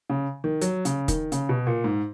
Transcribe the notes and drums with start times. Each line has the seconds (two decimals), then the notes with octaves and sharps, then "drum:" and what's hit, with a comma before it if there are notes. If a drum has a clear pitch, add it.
0.10 C#3
0.44 D#3
0.61 F#3, drum: hi-hat
0.85 C#3, drum: hi-hat
1.08 D#3, drum: kick, hi-hat
1.32 C#3, drum: hi-hat
1.49 B2
1.67 A#2
1.84 G#2